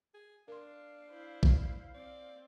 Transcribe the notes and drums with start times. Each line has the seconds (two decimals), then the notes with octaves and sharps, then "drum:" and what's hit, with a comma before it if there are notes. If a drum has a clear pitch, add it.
0.14 G#4
0.48 D4 A#4 F5 C6
1.09 E4 C5
1.43 drum: kick A#1
1.94 C4 D5